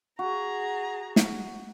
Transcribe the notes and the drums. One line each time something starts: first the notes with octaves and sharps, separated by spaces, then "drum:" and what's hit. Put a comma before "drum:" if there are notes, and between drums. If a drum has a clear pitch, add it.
F#4 G#4 A#5
drum: snare